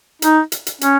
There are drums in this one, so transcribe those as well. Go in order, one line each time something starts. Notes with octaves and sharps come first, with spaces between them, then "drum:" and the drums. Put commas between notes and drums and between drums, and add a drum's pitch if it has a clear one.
D#4, drum: hi-hat
drum: hi-hat
drum: hi-hat
C#4, drum: hi-hat